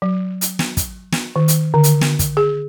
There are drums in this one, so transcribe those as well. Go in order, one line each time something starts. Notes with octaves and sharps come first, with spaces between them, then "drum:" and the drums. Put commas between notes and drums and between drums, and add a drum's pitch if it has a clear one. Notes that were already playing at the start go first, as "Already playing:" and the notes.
F#3
drum: hi-hat
drum: snare
drum: kick, hi-hat
drum: snare
D#3
drum: hi-hat
D3
drum: hi-hat
drum: snare
drum: kick, hi-hat
G#4